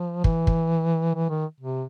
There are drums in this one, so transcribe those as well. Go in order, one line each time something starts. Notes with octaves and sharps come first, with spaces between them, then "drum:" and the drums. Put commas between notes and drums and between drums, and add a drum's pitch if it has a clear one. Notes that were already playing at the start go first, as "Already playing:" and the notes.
Already playing: F3
E3, drum: kick
drum: kick
E3
D#3
C3